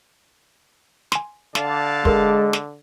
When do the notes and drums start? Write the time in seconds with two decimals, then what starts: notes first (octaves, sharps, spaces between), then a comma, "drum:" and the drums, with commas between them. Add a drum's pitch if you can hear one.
1.12 G#5 C6, drum: snare
1.55 D3 D5 F5 A5, drum: snare
2.05 G#3 A4 A#4 C6, drum: kick
2.53 drum: snare